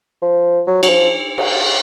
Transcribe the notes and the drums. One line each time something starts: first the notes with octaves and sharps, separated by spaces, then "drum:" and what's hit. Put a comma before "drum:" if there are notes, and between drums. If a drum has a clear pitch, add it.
F3
F#3
F#3, drum: cymbal
F3
drum: cymbal